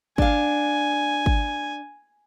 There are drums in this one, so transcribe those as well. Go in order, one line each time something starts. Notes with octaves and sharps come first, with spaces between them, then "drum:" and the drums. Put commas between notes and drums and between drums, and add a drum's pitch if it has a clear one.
D4 F5 G#5, drum: kick
drum: kick